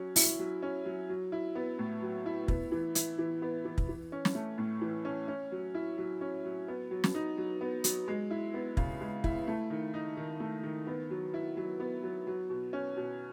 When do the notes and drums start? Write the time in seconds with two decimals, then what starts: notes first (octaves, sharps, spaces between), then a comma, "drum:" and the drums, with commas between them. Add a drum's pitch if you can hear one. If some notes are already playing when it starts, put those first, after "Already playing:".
Already playing: F#3 C#4
0.16 E4, drum: open hi-hat
0.39 F#3
0.62 C#4
0.85 F#3
1.09 F#3
1.32 E4
1.55 B3
1.79 A2
2.02 F#3
2.26 E4
2.48 B3, drum: kick
2.72 E3
2.95 E4, drum: hi-hat
3.18 E3
3.42 B3
3.65 E3
3.78 drum: kick
3.89 E3
4.12 C#4
4.25 drum: snare
4.35 A3
4.58 A2
4.81 E3
5.05 C#4
5.28 C#4
5.52 F#3
5.75 E4
5.98 F#3
6.21 C#4
6.44 F#3
6.68 B3
6.91 F#3
7.04 drum: snare
7.14 D#4
7.37 F#3
7.61 B3
7.84 F#3, drum: hi-hat
8.08 G#3
8.30 E4
8.54 B3
8.77 C#3, drum: kick
9.01 G#3
9.24 E4, drum: kick
9.47 A3
9.70 D#3
9.94 D#4
10.17 D#3
10.40 A3
10.63 D#3
10.87 B3
11.10 F#3
11.34 E4
11.57 F#3
11.80 B3
12.03 F#3
12.27 F#3
12.50 B2
12.73 C#4
12.97 B2